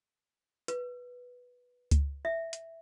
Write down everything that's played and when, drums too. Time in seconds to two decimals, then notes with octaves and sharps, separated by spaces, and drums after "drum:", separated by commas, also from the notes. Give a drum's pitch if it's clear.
0.68 B4, drum: hi-hat
1.91 drum: kick C#2, hi-hat
2.25 E5
2.53 drum: hi-hat